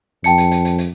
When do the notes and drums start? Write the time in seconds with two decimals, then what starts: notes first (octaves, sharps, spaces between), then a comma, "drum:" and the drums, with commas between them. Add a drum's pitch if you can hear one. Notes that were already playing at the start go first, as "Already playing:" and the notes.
0.24 F2 G5 A5 C#7, drum: hi-hat
0.38 drum: hi-hat
0.51 drum: hi-hat
0.65 drum: hi-hat
0.78 drum: hi-hat